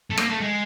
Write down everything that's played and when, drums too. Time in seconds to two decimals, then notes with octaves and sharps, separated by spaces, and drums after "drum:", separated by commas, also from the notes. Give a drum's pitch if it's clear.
0.10 A3
0.18 A#3, drum: rim click
0.29 A3
0.40 G#3